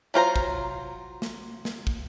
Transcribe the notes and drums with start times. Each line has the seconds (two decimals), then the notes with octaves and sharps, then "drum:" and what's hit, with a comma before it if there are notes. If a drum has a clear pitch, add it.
0.14 F#3 F4 C5 A#5
0.36 drum: kick
1.22 drum: snare
1.65 drum: snare
1.87 drum: kick